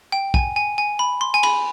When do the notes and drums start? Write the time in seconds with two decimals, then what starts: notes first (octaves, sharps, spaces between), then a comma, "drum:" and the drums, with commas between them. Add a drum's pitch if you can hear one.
0.12 G5
0.34 G#5, drum: kick
0.56 G#5
0.78 G#5
0.99 B5
1.21 C6
1.34 G#5
1.43 B5, drum: cymbal